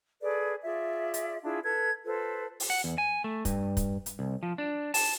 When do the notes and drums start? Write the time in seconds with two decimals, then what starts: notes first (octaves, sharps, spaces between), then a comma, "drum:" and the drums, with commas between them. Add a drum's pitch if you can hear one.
0.21 G#4 A4 B4 D5
0.64 F4 G#4 D5 E5
1.14 drum: hi-hat
1.43 D4 E4 F4 G#4
1.63 A4 B4 G#6
2.05 F4 A4 B4 C5
2.60 drum: open hi-hat
2.70 F#5
2.84 E2
2.98 G#5
3.24 A3
3.45 G2, drum: kick, hi-hat
3.77 drum: kick, hi-hat
4.06 drum: hi-hat
4.19 C2
4.43 F3
4.58 D4
4.94 A5, drum: open hi-hat